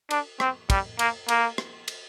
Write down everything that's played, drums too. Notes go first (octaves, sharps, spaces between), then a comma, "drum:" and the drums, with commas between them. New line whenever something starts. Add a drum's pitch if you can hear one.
D4, drum: cymbal
C4, drum: rim click
G3, drum: kick, cymbal
A#3, drum: cymbal
A#3, drum: cymbal
drum: rim click
drum: cymbal